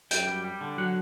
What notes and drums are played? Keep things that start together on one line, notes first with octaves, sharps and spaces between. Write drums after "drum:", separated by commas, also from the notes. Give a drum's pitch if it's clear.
F#2 G5, drum: hi-hat
G3
G3
D3
F#3 F#5